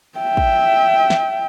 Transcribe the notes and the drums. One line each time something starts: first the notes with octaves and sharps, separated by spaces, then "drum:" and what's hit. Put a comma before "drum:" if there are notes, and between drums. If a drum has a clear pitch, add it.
E5 G5
drum: kick
drum: snare